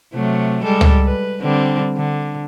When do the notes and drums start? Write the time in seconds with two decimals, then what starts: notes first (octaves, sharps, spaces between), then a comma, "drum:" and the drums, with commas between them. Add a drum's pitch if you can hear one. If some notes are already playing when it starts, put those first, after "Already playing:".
0.14 C3 F#3 A3
0.64 G3 G#3 A4
0.81 drum: tom C#2
1.05 B4
1.42 D3 G3 C4
1.97 D3